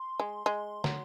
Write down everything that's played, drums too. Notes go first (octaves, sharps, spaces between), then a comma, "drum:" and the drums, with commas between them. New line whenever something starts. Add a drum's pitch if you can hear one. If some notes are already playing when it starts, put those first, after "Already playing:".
Already playing: C6
G#3
G#3
F#3, drum: snare